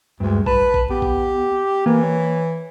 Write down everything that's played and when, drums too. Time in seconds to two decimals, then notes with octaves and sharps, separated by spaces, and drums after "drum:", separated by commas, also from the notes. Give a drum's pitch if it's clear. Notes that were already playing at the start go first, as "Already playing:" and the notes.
0.20 D2 G2 G#3
0.46 B4 A5, drum: kick A#1
0.74 drum: kick A#1
0.90 B3 G4
1.02 drum: kick A#1
1.86 E3 A#3
2.03 C#5